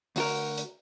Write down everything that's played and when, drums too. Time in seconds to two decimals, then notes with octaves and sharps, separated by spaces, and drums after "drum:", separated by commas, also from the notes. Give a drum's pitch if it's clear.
0.16 D2 F#4 A#4, drum: open hi-hat
0.58 drum: hi-hat